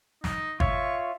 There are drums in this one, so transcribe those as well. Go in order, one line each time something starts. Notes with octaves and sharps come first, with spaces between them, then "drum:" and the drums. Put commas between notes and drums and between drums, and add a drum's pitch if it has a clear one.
D#4, drum: snare
F4 C#5 E5 C#6, drum: kick G1